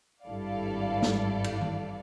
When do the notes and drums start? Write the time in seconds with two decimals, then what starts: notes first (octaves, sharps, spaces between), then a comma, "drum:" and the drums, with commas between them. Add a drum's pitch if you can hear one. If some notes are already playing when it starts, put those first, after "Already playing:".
0.24 G#1 G2 E4 A4 D5 F5
1.03 drum: snare
1.44 drum: cymbal
1.61 drum: tom D#3